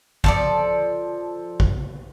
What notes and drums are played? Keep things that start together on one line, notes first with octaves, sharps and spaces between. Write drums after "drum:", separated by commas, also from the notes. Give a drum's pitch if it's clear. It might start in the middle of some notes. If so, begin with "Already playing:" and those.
F3 A4 D5, drum: kick
drum: kick